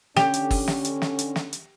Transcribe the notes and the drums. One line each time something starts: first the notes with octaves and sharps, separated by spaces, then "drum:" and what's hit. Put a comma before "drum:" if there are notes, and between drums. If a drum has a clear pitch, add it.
D3 C#4 G4, drum: snare
drum: hi-hat
drum: kick, open hi-hat
drum: snare
drum: hi-hat
drum: snare
drum: hi-hat
drum: snare
drum: hi-hat